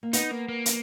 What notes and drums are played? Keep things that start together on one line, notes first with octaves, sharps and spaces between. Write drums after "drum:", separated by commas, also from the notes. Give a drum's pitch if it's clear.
A#3
B3 D#4, drum: hi-hat
A#3
A#3
drum: hi-hat